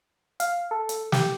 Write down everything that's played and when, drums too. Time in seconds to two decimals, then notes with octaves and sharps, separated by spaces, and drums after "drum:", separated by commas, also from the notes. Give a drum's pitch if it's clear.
0.40 F5, drum: hi-hat
0.71 A4
0.89 drum: hi-hat
1.12 G4, drum: snare